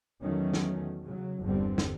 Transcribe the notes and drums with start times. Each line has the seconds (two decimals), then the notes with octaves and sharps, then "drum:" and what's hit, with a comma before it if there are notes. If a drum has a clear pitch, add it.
0.22 E2 D#3 F#3 A3 C#4
0.54 drum: snare
1.05 C#3 F#3
1.43 G1 E2 D3 G3 C4
1.78 drum: snare